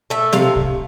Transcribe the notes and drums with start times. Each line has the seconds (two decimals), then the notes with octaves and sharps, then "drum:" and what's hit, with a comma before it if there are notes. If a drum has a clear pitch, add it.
0.10 A3 E5
0.33 C3 F5, drum: snare C4
0.56 drum: kick